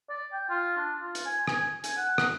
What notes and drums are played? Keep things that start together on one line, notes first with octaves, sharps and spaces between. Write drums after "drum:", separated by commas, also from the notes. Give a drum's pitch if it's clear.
D5
G5
F4
D4
F4
drum: hi-hat
G#5
G#5, drum: rim click
G#5, drum: hi-hat
F#5
drum: rim click